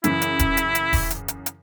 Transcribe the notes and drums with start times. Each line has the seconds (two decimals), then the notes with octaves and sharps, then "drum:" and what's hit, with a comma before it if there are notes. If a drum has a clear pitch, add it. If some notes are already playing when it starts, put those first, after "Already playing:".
0.04 F#2 C#3 E3 E4, drum: hi-hat
0.22 drum: hi-hat
0.39 drum: kick D#1, hi-hat
0.57 drum: hi-hat
0.75 drum: hi-hat
0.93 drum: kick D#1, open hi-hat
1.11 drum: hi-hat
1.28 drum: hi-hat
1.46 drum: hi-hat